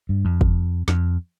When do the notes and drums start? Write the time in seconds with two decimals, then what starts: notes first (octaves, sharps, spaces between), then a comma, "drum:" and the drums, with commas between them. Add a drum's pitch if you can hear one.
0.09 G2
0.25 F2
0.41 drum: kick
0.88 F2, drum: snare